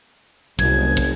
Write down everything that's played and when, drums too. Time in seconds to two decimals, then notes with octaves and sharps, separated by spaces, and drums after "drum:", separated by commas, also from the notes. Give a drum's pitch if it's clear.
0.59 F#1 C2 G#6, drum: kick, cymbal
0.97 drum: kick, cymbal